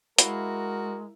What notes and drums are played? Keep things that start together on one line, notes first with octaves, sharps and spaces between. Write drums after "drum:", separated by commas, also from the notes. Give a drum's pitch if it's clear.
G#3 E4 F#4 A#4 F5, drum: hi-hat